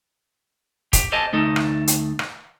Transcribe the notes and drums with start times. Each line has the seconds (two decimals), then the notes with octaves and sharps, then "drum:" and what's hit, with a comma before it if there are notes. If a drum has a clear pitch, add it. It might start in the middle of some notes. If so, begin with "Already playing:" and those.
0.93 G4, drum: kick D#1, hi-hat
1.12 G4 A4 C5 D#5 G#5 A5
1.33 D2 A3 D#4 A4
1.56 drum: rim click
1.87 drum: hi-hat
2.19 drum: rim click